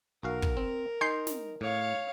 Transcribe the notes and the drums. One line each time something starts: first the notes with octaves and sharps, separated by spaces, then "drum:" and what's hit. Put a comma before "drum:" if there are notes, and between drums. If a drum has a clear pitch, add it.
B1 F#4 A#4 F5
drum: kick
C4
D#4 G#5 C6 G6 C7
drum: snare
A2 C#5 F5